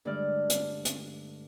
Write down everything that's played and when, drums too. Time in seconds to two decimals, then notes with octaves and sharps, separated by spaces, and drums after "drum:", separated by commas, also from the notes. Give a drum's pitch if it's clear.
0.05 G2 D3 G#3 A3 D5 F6
0.49 drum: hi-hat
0.85 drum: hi-hat